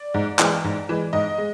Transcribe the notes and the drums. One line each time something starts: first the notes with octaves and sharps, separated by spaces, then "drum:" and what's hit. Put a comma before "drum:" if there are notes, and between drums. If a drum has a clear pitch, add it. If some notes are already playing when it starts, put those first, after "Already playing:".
Already playing: D5
G#2
E3 G#3, drum: clap
G#2
E3 G#3
G#2 D#5
G#3